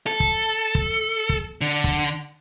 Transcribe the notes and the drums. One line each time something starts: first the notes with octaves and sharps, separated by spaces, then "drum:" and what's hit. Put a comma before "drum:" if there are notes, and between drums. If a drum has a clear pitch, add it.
A4
drum: kick
drum: kick
drum: kick
D3
drum: kick